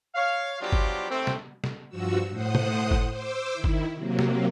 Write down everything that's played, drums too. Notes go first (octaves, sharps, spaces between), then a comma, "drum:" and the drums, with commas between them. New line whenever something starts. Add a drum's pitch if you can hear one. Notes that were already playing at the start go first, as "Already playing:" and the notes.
C#5 F5
F3 F#3 B3 D4 F4 G4
drum: kick G1
G#2 C3 A3 C4
drum: snare
drum: snare
G2 F3 F#4 E6
A2 C5 F#5 D#6
drum: tom B2
drum: kick G1
C5 D6 E6
D#3 E4
drum: kick G1
C3 F#3 A#3
drum: snare